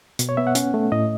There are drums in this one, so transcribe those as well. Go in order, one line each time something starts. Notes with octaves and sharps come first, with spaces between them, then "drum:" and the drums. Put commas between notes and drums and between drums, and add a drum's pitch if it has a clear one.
B2, drum: hi-hat
C#5
B3 E5
F#5
C#4, drum: hi-hat
A3
A2 D#5